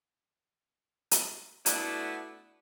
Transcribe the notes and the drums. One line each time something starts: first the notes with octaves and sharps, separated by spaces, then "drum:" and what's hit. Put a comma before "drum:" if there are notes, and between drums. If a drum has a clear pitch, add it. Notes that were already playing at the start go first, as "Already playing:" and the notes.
drum: hi-hat
A3 B3 D4 E4 F#4, drum: hi-hat